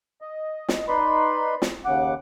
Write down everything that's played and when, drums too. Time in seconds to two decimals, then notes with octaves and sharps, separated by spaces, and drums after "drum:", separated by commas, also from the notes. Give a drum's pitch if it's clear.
0.21 D#5
0.69 drum: snare
0.88 D#4 B4 D5 B5 C6
1.62 drum: snare
1.85 D#2 C#3 F#5 D6